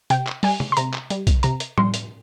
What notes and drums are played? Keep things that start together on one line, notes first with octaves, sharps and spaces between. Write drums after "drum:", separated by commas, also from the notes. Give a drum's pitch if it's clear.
C3 G5, drum: hi-hat
drum: clap
G3 G#5, drum: open hi-hat
drum: tom
C6
C3 A#5, drum: hi-hat
drum: clap
G3, drum: hi-hat
drum: kick B1, hi-hat
C3 A#5, drum: hi-hat
drum: hi-hat
G3 C6, drum: tom A2
drum: hi-hat